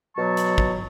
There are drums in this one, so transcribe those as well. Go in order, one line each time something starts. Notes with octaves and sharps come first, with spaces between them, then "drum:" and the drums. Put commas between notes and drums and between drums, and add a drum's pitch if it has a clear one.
B2 F#3 A5 C#6
drum: hi-hat
drum: kick